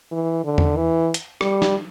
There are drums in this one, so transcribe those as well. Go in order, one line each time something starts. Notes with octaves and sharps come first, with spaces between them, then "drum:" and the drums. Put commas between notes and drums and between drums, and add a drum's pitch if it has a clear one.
E3
D3
drum: tom E2
E3
drum: hi-hat
G3, drum: rim click
drum: snare